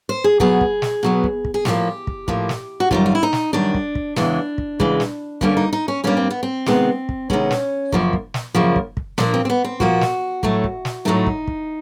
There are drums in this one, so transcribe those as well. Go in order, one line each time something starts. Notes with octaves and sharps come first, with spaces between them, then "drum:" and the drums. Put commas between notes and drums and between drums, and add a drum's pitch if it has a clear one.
C5
G#4
B2 F#3 B3 G#4, drum: kick
drum: kick
drum: snare
B2 F#3 B3
drum: kick
drum: kick
G#4
A2 F3 A#3 G4, drum: snare
drum: kick
A2 F3 A#3, drum: kick
drum: snare
F#4
F#2 D#3 G3 F4, drum: kick
F4
E4
D#4
drum: snare
F#2 D#3 G3 D4
drum: kick
drum: kick
E2 C#3 E3 G#3 D4, drum: snare
drum: kick
E2 C#3 E3 G#3, drum: kick
drum: snare
G2 D3 G3 A#3 C#4, drum: kick
D#4
D#4
C#4
G2 D3 G3 A#3 C#4
C4
B3
C4
C3 D#3 G#3 B3, drum: snare
drum: kick
C3 D#3 G#3 B3 C#4, drum: kick
drum: snare
F#2 C#3 F3 A#3, drum: kick
drum: kick
drum: snare
F#2 C#3 F3 A#3
drum: kick
drum: kick
A#2 F3 A#3 D4, drum: snare
C4
C4
B3
C4
A#2 F3 A#3 F#4, drum: kick
drum: snare
A2 F#3 A3, drum: kick
drum: kick
drum: snare
A2 F#3 A3 D#4
drum: kick
drum: kick